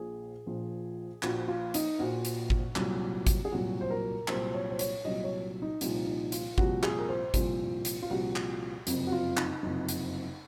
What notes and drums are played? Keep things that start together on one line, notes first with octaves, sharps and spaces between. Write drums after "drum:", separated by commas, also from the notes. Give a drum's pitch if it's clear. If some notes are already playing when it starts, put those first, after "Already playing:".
Already playing: A#1 A#2 F3 G#4
A#1 A#2 F3
A#1 A#2 F3 F#4, drum: clap
F4
D#4, drum: hi-hat
A#1 A#2 F3 F#4
drum: hi-hat
drum: kick G#1
C2 A#2 F#3, drum: clap
drum: kick G#1, hi-hat
G#4
C2 A#2 F#3 F#4
C5
A#4
C2 A#2 F#3 C5, drum: clap
C#5
C5
C#5, drum: hi-hat
C2 A#2 F#3 D#5
C#5
D#4
C2 A#2 F3 D#4, drum: hi-hat
D#4
F4, drum: hi-hat
C2 A#2 F3 F#4, drum: kick G#1
G#4, drum: clap
A#4
C5
C2 A#2 F3, drum: kick G#1, hi-hat
drum: hi-hat
F4
C2 A#2 F3 F#4
drum: clap
F#1 F2 C3, drum: hi-hat
F#4
F4
D#4, drum: clap
F#1 F2 C3 D#4
drum: hi-hat